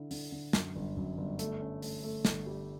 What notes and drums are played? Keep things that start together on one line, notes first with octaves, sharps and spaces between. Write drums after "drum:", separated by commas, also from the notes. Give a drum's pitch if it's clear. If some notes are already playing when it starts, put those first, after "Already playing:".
Already playing: D3 E4
D3, drum: open hi-hat
D3
F#2, drum: snare
G1
F#2
G1
A3, drum: hi-hat
C#4
A3, drum: open hi-hat
A3
G1, drum: snare
G3